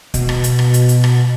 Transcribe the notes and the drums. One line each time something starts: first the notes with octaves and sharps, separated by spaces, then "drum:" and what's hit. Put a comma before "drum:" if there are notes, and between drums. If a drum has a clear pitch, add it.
B2, drum: kick, hi-hat
drum: rim click
drum: hi-hat
drum: rim click
drum: hi-hat
drum: hi-hat
drum: rim click